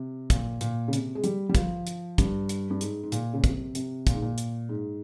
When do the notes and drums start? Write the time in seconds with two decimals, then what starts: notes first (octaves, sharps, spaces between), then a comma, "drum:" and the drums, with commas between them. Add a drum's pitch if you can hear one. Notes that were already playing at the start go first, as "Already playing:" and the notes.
Already playing: C3
0.30 A#2, drum: kick, hi-hat
0.61 A#2, drum: hi-hat
0.88 C#3
0.93 C3, drum: hi-hat
1.15 G#3
1.24 G3, drum: hi-hat
1.49 G3
1.55 F3, drum: kick, hi-hat
1.87 drum: hi-hat
2.18 G2, drum: kick, hi-hat
2.49 drum: hi-hat
2.70 G2
2.81 G#2, drum: hi-hat
3.04 G#2
3.12 A#2, drum: hi-hat
3.33 C#3
3.44 C3, drum: kick, hi-hat
3.75 C3, drum: hi-hat
4.07 A#2, drum: kick, hi-hat
4.14 G#2
4.22 A#2
4.38 drum: hi-hat
4.69 G#2